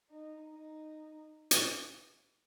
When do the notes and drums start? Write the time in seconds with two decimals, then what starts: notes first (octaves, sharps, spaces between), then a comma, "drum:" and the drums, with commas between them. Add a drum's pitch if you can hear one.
0.10 D#4
0.53 D#4
1.51 drum: hi-hat